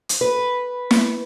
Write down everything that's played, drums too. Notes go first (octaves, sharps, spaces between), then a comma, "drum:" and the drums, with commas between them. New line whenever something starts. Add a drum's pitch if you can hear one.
drum: hi-hat
B4
drum: snare